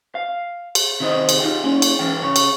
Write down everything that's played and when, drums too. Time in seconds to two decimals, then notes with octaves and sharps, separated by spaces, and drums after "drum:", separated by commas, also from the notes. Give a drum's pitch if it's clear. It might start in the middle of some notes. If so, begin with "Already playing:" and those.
0.15 F5
0.75 drum: cymbal
1.00 C3 D#3 D#4 A4 C5 D#5
1.29 drum: cymbal
1.40 D#4 F4 G4
1.64 A#3 C#4
1.82 drum: cymbal
1.99 G#2 E3 G5
2.22 C#3 C#5
2.36 drum: cymbal